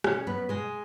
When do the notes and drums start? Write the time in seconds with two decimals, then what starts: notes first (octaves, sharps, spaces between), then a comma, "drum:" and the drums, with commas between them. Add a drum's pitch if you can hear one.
0.04 B2 C#4 C#5, drum: rim click
0.27 F#3 B3 C#4 B4
0.49 B2 G#3 G#4